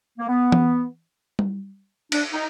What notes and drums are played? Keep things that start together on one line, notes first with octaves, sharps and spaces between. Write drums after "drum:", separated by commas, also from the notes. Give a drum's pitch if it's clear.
A#3
B3
drum: tom E3
drum: tom G3
D4, drum: cymbal
D#4